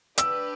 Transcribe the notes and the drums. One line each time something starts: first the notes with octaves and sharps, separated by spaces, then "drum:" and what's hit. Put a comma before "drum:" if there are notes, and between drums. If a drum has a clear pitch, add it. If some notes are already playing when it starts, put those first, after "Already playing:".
D4 G4 B4 E6, drum: hi-hat